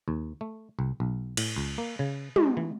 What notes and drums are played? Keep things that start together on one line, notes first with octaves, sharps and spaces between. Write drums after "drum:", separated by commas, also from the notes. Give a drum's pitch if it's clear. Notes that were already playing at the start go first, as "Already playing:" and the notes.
D#2
A3
C2
B1
A2, drum: cymbal
C#2
A#3
C#3
G#3, drum: tom
E3